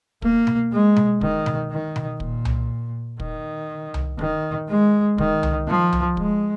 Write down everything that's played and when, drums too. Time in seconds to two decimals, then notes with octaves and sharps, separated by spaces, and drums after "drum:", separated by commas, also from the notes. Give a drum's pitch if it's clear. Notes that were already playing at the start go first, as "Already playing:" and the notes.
0.22 A#3, drum: kick
0.47 drum: tom B2
0.72 G#3
0.96 drum: tom B2
1.21 D#3, drum: kick
1.46 drum: tom B2
1.71 D#3
1.96 drum: tom B2
2.20 A#2, drum: kick
2.45 drum: tom C2
3.20 D#3, drum: kick
3.94 drum: tom C2
4.19 D#3, drum: kick
4.69 G#3
5.18 D#3, drum: kick
5.43 drum: tom C2
5.68 F3
5.93 drum: tom C2
6.17 G#3, drum: kick